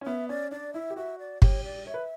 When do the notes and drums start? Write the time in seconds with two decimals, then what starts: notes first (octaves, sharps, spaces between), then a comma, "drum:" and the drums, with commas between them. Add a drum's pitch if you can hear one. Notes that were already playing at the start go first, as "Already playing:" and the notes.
0.01 C#4
0.06 B3 E5
0.29 C#4 D5
0.51 D4 D5
0.73 E4 E5
0.90 G4
0.96 F#4 E5
1.19 D5
1.42 G4 C#5, drum: kick
1.64 D5
1.87 C#5 E5
1.94 B4